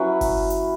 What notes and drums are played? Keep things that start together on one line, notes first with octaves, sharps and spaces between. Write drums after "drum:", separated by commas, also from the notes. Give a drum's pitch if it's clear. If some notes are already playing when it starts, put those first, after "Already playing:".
Already playing: F#3 C#4 E4 B4
drum: kick G1, open hi-hat
drum: hi-hat